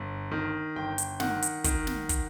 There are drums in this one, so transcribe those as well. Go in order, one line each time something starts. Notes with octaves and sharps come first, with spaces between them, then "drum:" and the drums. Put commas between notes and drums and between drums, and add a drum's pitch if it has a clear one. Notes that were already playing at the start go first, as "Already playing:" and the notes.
Already playing: G1
D#3
G1 G5
drum: hi-hat
D#3 F#5, drum: snare
drum: hi-hat
D#3, drum: kick, hi-hat
drum: snare
drum: kick, hi-hat